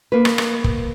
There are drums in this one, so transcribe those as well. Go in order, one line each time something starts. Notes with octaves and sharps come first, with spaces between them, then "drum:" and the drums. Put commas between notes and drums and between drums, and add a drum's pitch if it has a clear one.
A#3 B4
drum: rim click
drum: rim click
drum: kick